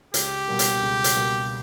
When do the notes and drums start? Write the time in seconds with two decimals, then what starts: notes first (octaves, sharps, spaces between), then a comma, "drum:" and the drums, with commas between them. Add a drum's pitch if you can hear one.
0.14 C#2 G4, drum: hi-hat
0.47 B2 G3 A#3
0.59 drum: hi-hat
0.81 C#2
1.04 drum: hi-hat
1.15 B2 G3 A#3